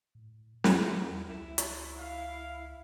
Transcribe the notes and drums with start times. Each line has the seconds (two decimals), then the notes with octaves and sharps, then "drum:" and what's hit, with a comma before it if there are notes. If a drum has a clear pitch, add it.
0.15 A2
0.64 E2, drum: snare
1.29 C#2 E4
1.58 drum: hi-hat
1.99 F5